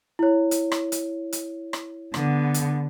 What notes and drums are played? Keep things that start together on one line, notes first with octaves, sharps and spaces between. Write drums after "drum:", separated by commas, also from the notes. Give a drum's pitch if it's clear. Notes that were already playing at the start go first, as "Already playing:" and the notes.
E4 C#5
drum: hi-hat
drum: rim click
drum: hi-hat
drum: hi-hat
drum: rim click
D3 B3, drum: rim click
drum: hi-hat